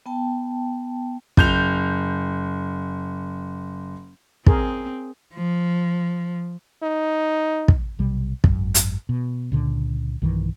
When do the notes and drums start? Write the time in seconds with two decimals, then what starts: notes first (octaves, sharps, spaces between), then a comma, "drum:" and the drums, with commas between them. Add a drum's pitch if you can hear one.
0.06 B3 G5 A5
1.37 F#1 G6 F7, drum: kick
4.46 C4 G#4 A#4, drum: kick
5.34 F3
6.83 D#4
7.68 drum: kick
7.99 B1 C3 G3
8.44 G#1 F#2, drum: kick
8.74 drum: hi-hat
9.09 B2
9.52 C#2 A#2 D3
10.22 B1 G2 D#3 E3